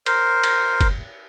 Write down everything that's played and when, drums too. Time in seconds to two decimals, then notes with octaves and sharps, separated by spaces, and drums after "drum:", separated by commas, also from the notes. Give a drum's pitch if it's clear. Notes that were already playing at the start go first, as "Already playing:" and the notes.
0.06 A#4 C5, drum: cymbal
0.43 drum: cymbal
0.81 drum: kick F#1, cymbal